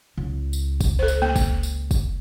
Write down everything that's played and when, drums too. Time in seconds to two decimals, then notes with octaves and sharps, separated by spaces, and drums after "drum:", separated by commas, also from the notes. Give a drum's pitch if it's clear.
0.17 C#2
0.53 drum: tambourine
0.81 drum: kick, tambourine
0.99 A4 C5
1.08 drum: tambourine
1.22 A#3
1.36 drum: kick, tambourine
1.63 drum: tambourine
1.91 drum: kick, tambourine